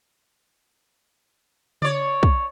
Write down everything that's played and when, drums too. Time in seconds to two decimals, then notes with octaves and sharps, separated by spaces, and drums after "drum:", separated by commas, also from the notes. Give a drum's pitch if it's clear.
1.82 C#5 D5, drum: tom C#3
2.23 drum: kick